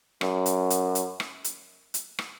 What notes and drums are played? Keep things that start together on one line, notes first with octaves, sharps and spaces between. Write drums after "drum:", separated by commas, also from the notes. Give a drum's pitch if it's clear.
F#2, drum: rim click
drum: hi-hat
drum: hi-hat
drum: hi-hat
drum: rim click
drum: hi-hat
drum: hi-hat
drum: rim click